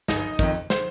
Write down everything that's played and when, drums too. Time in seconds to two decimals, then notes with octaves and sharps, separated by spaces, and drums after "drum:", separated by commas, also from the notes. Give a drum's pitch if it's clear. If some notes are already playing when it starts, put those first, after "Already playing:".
0.08 G1 D#4 D#5, drum: snare
0.39 F2 D#3, drum: kick, hi-hat
0.70 C5, drum: snare